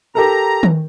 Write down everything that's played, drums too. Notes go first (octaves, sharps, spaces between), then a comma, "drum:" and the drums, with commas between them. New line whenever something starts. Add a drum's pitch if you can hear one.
G4 A4 A#4 A#5
drum: tom D#3